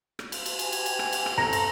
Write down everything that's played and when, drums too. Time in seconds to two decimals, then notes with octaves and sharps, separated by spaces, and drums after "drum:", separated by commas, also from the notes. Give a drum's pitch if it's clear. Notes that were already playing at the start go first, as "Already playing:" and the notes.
0.19 drum: rim click
0.32 drum: cymbal
0.46 drum: cymbal
0.59 G4 G#5, drum: cymbal
0.72 drum: cymbal
0.86 drum: cymbal
0.99 drum: rim click
1.13 drum: cymbal
1.26 drum: rim click
1.38 C4 C#4 A4 A#5, drum: tom
1.53 drum: cymbal